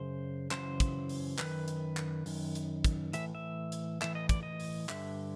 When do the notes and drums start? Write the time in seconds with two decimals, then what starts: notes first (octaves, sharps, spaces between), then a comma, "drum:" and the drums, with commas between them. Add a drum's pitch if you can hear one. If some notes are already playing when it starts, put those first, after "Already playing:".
Already playing: F#2 C#3 C5
0.51 F#2 C#3 E3 C5, drum: clap
0.80 drum: kick, hi-hat
1.09 drum: open hi-hat
1.38 F#2 D#3 B4, drum: clap
1.68 drum: hi-hat
1.97 drum: clap
2.26 F#2 D#3, drum: open hi-hat
2.55 drum: hi-hat
2.84 drum: kick, hi-hat
3.13 A2 E3 E5, drum: hi-hat
3.35 E5
3.72 drum: hi-hat
4.02 A2 E3 E5, drum: clap
4.15 D#5
4.29 D5, drum: kick, hi-hat
4.43 D#5
4.60 drum: open hi-hat
4.89 G2 D3 E5, drum: clap